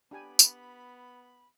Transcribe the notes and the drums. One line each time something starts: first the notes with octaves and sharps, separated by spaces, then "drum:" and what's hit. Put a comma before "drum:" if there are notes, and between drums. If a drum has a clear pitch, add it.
B3 D4 G4 G#5 B5
drum: tambourine